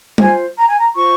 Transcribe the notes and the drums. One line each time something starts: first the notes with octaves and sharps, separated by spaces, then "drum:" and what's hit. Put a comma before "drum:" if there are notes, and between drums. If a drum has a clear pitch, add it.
F4 C5 G#5, drum: tom G3
A#5
G#5
A#5
F4 C5 C#6